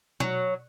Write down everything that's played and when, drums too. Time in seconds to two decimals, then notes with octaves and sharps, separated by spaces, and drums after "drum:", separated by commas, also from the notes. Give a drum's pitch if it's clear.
0.20 F#3, drum: tom B2